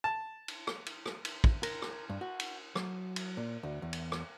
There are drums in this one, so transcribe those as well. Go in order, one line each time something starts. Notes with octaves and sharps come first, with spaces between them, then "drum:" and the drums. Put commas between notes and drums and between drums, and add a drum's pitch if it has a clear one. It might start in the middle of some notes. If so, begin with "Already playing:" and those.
A5
drum: cymbal
drum: rim click
drum: cymbal
drum: rim click
drum: cymbal
drum: kick
A#4, drum: cymbal
drum: rim click
G2
F#4
drum: cymbal
F#3, drum: rim click
drum: cymbal
A#2
D2
E2
drum: cymbal
drum: rim click